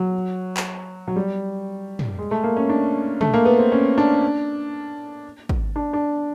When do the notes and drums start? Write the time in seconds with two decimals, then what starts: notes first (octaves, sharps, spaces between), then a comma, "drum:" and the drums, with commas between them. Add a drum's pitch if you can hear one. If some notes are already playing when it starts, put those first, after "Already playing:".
Already playing: F#3
0.57 drum: clap
1.08 F#3
1.16 G3
1.99 drum: tom
2.18 G#3
2.31 A3
2.44 A#3
2.57 C#4
2.69 D4
3.21 A3, drum: tom
3.34 A#3
3.45 B3
3.58 C4
3.72 C#4
3.98 D4
5.49 drum: kick
5.76 D4
5.93 D4